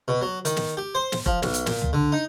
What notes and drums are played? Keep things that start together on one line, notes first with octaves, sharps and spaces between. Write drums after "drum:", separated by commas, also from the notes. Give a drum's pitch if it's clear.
B2
F#3
D#3, drum: hi-hat
drum: snare
G4
C5
drum: snare
F3, drum: kick F1
B1, drum: snare
drum: hi-hat
A#2, drum: snare
drum: tom
D3
D#4